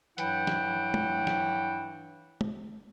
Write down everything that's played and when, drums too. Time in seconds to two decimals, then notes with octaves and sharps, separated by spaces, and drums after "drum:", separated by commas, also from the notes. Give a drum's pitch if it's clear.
0.18 G2 E3 F#3 E4 F#5 G5, drum: hi-hat
0.47 drum: snare
0.94 drum: tom
1.27 drum: snare
2.41 drum: tom